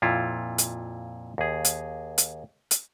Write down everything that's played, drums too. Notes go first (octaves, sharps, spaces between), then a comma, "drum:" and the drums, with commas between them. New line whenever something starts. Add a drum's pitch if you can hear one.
F2 A#2 E4 F4
drum: hi-hat
D#2 G#4
drum: hi-hat
drum: hi-hat
drum: hi-hat